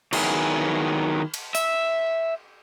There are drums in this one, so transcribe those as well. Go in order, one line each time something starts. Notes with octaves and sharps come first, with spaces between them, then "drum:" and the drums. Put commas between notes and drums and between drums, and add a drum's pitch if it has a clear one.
D#3 F#3 B3 E4 G#4, drum: cymbal
drum: cymbal
E5, drum: hi-hat